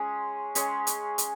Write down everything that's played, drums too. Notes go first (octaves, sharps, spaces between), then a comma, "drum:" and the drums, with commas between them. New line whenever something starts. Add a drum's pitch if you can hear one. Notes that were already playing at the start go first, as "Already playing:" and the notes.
Already playing: G#3 C#4 G#4 C#5
G#3 C#4 G#4 C#5, drum: hi-hat
drum: hi-hat
drum: hi-hat